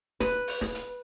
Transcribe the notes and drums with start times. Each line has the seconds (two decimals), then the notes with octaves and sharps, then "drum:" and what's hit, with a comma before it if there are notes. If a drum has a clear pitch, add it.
0.20 B4, drum: snare
0.48 drum: open hi-hat
0.61 drum: snare
0.75 drum: hi-hat